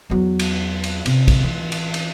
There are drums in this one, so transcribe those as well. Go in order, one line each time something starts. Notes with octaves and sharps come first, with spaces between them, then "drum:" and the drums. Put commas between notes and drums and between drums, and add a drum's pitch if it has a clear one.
E2 F#3
drum: cymbal
drum: cymbal
C3, drum: cymbal
drum: kick, cymbal
E3
drum: cymbal
drum: cymbal